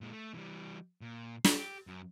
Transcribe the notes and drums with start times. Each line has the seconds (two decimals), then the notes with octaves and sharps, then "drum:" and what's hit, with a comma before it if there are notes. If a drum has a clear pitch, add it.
0.01 A#2 G#3
0.13 A3
0.34 E3 G3
1.01 A#2
1.44 drum: snare
1.54 G4
1.87 F#2